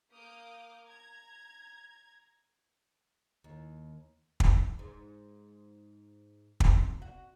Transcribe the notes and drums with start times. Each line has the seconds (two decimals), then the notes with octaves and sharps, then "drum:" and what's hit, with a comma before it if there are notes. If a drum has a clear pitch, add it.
0.14 A#3 D6 D#6 F6 G6
0.86 A#5 G#6
3.44 D#2
4.40 drum: kick
4.79 G#2
6.60 C3, drum: kick
7.02 F#4